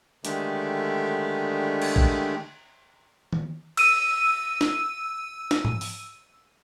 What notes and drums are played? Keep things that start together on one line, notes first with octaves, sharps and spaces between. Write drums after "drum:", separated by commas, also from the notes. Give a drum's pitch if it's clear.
D3 D#3 G#3 A3 D4 G4, drum: hi-hat
drum: cymbal
drum: kick
drum: tom D#3
E6 D#7, drum: cymbal
drum: snare
drum: snare
drum: tom G#2
drum: open hi-hat